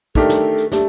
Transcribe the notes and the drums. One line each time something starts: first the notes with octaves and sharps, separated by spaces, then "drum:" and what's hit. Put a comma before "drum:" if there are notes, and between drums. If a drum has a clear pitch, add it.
D#3 A3 D4 G4 A4 A#4, drum: kick
drum: snare
drum: hi-hat
A3 D4 G4, drum: snare